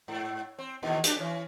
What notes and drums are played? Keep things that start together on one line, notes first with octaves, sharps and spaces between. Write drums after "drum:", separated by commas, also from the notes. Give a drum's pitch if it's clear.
G#2
C4
D#2 B2 D#3
D4 G4, drum: hi-hat
E3 C#4